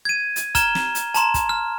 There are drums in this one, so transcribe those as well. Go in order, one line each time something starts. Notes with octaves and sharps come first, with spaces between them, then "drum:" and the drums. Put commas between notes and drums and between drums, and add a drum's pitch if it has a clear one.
G#6 D#7
drum: hi-hat
A#5 F6 G#6 E7 G7, drum: kick, hi-hat
drum: snare
drum: hi-hat
A5 A#5 C6 E7, drum: hi-hat
drum: kick, hi-hat
F6